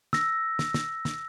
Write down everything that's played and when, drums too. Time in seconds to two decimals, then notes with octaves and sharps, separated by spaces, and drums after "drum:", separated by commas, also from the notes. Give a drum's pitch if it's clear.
0.13 E6 A#6, drum: snare
0.59 drum: snare
0.74 drum: snare
1.05 drum: snare